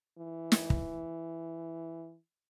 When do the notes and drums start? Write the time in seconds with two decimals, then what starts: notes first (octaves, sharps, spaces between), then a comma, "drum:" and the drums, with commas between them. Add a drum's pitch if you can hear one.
0.19 E3
0.52 drum: snare
0.70 drum: kick